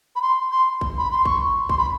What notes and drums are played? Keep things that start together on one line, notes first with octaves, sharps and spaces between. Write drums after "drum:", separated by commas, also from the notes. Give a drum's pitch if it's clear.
B5
C6
C6
drum: kick A1
B5
C6
C#6, drum: kick A1
C6, drum: kick A1
B5